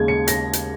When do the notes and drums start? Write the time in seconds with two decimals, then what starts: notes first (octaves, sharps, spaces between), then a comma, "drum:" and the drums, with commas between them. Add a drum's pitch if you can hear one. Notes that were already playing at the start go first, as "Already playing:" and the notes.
Already playing: D#2 C#3 G#3 G#6
0.08 C#7
0.28 A#6, drum: hi-hat
0.53 drum: hi-hat